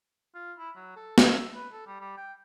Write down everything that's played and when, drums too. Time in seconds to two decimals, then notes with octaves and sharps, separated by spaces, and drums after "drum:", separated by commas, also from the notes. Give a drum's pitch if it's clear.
0.35 F4
0.58 E4
0.76 F#3
0.96 A4
1.18 E5, drum: snare
1.55 B4
1.72 A4
1.87 G3
2.00 G3
2.17 G5